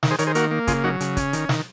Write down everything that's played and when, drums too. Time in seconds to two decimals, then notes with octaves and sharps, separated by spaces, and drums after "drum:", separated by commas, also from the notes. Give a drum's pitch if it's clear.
0.03 D#3, drum: snare
0.11 G#4 C5
0.19 D#3 A#4 C#5, drum: hi-hat
0.27 G#4 C5
0.35 A#3 F#4 A#4, drum: hi-hat
0.51 A#3
0.67 C#3 F4 G#4, drum: kick, hi-hat
0.84 F#3 D#4 F#4
1.00 C#3, drum: hi-hat
1.17 C#4, drum: kick, hi-hat
1.33 D#3, drum: hi-hat
1.49 D#3, drum: snare